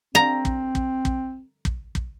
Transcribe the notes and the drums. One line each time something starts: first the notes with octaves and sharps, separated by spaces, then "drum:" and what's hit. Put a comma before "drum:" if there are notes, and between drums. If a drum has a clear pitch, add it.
C4 A#5
drum: kick
drum: kick
drum: kick
drum: kick
drum: kick